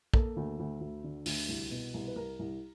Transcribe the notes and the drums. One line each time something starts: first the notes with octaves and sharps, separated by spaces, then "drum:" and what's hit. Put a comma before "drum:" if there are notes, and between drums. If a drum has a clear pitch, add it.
A#3 A4, drum: kick
D2
D2
D2
D3
D2, drum: open hi-hat
C2
B2
C2
B4
C2 A#4
C2